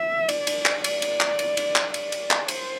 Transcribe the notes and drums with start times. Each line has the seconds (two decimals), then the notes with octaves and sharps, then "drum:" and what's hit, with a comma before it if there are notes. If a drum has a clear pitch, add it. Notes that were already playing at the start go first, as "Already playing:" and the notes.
Already playing: E5
0.29 D5, drum: cymbal
0.47 drum: cymbal
0.65 drum: clap
0.84 D5, drum: cymbal
1.02 drum: cymbal
1.20 drum: clap
1.39 drum: cymbal
1.57 drum: cymbal
1.76 drum: clap
1.94 D5, drum: cymbal
2.12 drum: cymbal
2.31 drum: clap
2.48 C5, drum: cymbal